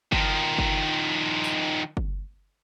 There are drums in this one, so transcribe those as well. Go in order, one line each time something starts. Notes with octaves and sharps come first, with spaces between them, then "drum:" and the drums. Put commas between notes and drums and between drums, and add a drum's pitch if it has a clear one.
D#3 F3, drum: kick F#1
drum: kick F#1
drum: tambourine
drum: kick F#1